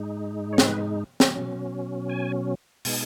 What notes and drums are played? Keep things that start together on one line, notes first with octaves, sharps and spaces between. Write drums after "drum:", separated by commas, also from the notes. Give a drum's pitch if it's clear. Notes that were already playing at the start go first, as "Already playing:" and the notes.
Already playing: G#2 G#3 D#4
C#5
B4, drum: snare
drum: snare
B2 F#3 C#4
G#5
B2 G#3 B3 D#4 G#5, drum: open hi-hat